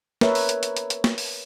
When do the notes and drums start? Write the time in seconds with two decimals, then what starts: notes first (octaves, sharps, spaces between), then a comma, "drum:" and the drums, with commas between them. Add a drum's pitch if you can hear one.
0.21 A#4 B4 C#5 E5, drum: snare
0.35 drum: open hi-hat
0.49 drum: hi-hat
0.63 drum: hi-hat
0.77 drum: hi-hat
0.90 drum: hi-hat
1.04 drum: snare
1.18 drum: open hi-hat